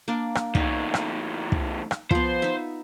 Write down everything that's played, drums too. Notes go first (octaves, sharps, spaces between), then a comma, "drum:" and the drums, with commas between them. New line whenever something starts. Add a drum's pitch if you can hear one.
A#3 D4
drum: rim click
E2 A2 D#4, drum: kick
drum: rim click
drum: kick
drum: rim click
F3 B3 C5, drum: kick
D#4 E5